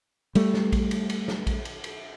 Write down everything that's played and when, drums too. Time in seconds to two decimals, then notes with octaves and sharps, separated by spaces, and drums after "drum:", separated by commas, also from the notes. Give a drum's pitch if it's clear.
0.35 G3 A3, drum: cymbal
0.54 drum: snare
0.72 drum: kick A#1, cymbal
0.91 drum: cymbal
1.10 drum: cymbal
1.28 drum: snare
1.47 drum: kick A#1, cymbal
1.65 drum: cymbal
1.84 drum: cymbal